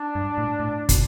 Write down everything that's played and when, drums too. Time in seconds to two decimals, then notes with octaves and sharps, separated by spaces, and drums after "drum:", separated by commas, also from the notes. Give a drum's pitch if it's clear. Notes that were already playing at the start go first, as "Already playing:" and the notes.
Already playing: D4
0.15 G2
0.38 A2
0.60 A2
0.89 B2, drum: kick, hi-hat